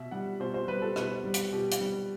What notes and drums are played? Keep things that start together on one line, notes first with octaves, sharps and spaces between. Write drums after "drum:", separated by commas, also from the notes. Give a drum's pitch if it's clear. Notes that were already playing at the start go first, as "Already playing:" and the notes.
Already playing: B2 E5
G3 F#5
B2 C5
C5
G3 B4
A4
B2 B4, drum: rim click
G3
drum: hi-hat
B2 G4
drum: hi-hat
G3